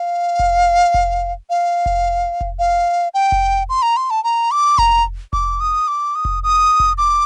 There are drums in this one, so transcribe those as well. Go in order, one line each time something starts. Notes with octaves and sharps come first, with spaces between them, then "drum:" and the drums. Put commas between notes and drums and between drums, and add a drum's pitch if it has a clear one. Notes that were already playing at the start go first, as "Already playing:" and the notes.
Already playing: F5
drum: kick F1
drum: kick F1
F5
drum: kick F1
drum: kick F1
F5
G5
drum: kick F1
C6
A#5
C6
A5
A#5
D6
A#5, drum: kick F1
D6, drum: kick F1
D#6
D6
D#6
drum: kick F1
D#6
drum: kick F1
D6